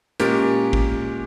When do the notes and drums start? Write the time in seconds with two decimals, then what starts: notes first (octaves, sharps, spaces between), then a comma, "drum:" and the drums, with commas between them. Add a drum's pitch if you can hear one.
0.20 A#2 G#3 C#4 G4 A#4, drum: hi-hat
0.73 drum: kick G#1